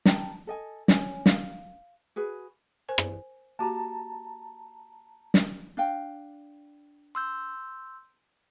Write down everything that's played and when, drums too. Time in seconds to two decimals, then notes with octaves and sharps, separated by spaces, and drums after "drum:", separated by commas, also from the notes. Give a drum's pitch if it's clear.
0.05 G5 A5 A#5, drum: snare
0.47 A4 D#5 G#5
0.88 C#4 C#5 G#5, drum: snare
1.26 F5, drum: snare
2.16 F#4 G#4 B4
2.89 A#4 C5 G#5
2.98 drum: rim click
3.59 A#3 F#4 G4 A5 A#5
5.34 drum: snare
5.77 D4 F5 G5
7.15 C6 E6 G6